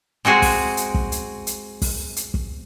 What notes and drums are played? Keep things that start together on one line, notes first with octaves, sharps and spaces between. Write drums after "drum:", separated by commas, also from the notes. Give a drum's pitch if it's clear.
G#3 C4 F#4 G#4
drum: kick, open hi-hat
drum: hi-hat
drum: kick
drum: hi-hat
drum: hi-hat
drum: kick, open hi-hat
drum: hi-hat
drum: kick